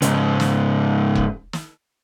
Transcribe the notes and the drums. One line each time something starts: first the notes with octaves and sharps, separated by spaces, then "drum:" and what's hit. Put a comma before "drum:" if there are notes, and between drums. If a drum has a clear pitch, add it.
G#2 C#3, drum: hi-hat
drum: snare
drum: kick E1
drum: snare